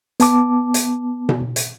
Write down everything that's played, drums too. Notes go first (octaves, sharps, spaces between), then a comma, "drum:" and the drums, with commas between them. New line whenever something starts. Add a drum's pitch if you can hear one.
B3 A5 D6, drum: hi-hat
drum: hi-hat
drum: tom B2
drum: hi-hat